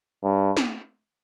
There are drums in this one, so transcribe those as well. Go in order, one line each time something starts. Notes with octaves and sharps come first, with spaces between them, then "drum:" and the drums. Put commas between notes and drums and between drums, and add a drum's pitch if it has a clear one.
G2
drum: snare